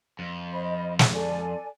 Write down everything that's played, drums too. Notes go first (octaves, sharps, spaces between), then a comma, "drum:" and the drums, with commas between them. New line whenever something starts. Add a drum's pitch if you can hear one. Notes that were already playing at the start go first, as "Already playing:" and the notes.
F2
C5 D#5 B5
drum: snare
A4 D5 G#5